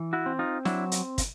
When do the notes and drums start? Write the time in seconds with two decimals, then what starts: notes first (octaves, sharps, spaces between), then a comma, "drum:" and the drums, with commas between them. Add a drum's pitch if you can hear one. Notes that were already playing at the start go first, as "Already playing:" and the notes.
Already playing: E3
0.13 E4 F#4
0.26 C4
0.39 D#4 F4
0.65 F#3 D4 E4, drum: snare
0.92 drum: hi-hat
1.18 drum: kick, hi-hat